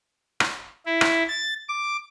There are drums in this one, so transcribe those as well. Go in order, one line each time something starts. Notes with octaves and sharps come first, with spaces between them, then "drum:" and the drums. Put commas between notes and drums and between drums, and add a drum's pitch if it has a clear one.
drum: rim click
E4
drum: rim click
A6
D6